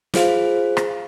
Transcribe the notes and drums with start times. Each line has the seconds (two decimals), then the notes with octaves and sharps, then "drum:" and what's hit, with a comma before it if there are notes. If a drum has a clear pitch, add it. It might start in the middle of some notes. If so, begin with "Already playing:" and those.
0.14 F4 G#4 C5 F5, drum: snare
0.77 drum: rim click